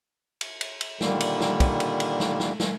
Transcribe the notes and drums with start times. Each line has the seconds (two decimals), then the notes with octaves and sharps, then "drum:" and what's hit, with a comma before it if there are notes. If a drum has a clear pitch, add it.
0.41 drum: cymbal
0.61 drum: cymbal
0.81 drum: cymbal
1.01 A#2 D3 D#3 G3 A#3, drum: snare
1.20 drum: cymbal
1.40 drum: snare
1.60 drum: kick, cymbal
1.80 drum: cymbal
2.00 drum: cymbal
2.20 drum: snare
2.40 drum: snare
2.60 drum: snare